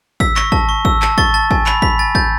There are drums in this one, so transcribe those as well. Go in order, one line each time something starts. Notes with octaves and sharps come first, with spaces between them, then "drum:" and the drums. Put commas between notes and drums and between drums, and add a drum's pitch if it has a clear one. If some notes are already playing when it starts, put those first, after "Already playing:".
E6 B6, drum: kick
C#6 A#6, drum: clap
A5, drum: kick
C#6
E6, drum: kick
A5, drum: clap
C#6 A6, drum: kick
A5 A6
G#5, drum: kick
B5, drum: clap
B5 B6, drum: kick
G#5 A6
G6 A6, drum: kick